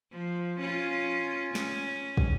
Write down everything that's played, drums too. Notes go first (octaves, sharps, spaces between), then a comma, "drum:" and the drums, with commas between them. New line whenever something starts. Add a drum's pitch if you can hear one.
F3
C#4 F4
C#4, drum: snare
drum: kick